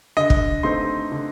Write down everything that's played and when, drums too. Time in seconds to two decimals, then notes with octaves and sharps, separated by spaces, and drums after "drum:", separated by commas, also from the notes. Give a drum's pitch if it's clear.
0.17 D3 D#5
0.30 drum: kick
0.63 A3 C4 D#4 C6
1.12 D3